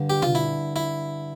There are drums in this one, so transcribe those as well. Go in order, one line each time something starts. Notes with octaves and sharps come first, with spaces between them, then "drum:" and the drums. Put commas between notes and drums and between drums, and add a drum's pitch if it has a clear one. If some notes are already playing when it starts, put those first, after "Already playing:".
Already playing: G2 D3
G4
F4, drum: tom B2
E4
E4